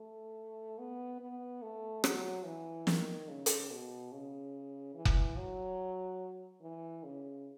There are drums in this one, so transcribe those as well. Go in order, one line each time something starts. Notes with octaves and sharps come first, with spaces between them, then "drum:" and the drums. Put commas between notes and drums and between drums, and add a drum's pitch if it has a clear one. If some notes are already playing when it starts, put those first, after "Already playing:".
Already playing: A3
B3
B3
A3
F#3, drum: rim click
E3
D#3, drum: snare
C#3
drum: hi-hat
B2
C#3
E3
drum: kick F1
F#3
E3
C#3